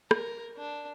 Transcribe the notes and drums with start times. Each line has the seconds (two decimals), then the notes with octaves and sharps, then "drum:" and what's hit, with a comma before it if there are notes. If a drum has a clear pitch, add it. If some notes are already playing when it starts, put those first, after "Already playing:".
0.11 A#4, drum: rim click
0.57 D4